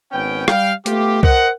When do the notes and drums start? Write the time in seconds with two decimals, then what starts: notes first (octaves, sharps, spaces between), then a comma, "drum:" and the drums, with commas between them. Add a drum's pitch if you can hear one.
0.12 G#1 B3 C#4 G5
0.48 G3 F5 G5, drum: rim click
0.86 A3 B3 F4 G4, drum: hi-hat
1.23 A#4 C5 D#5 F#5, drum: kick C2